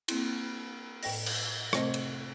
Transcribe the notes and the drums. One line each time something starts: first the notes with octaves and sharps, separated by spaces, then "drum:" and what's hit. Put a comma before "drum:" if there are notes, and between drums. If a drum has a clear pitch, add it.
A#3 C4 E4, drum: cymbal
A2 G5 A#6, drum: open hi-hat
drum: cymbal
C3 A3 C4 C5 D#5 A#6, drum: rim click
drum: cymbal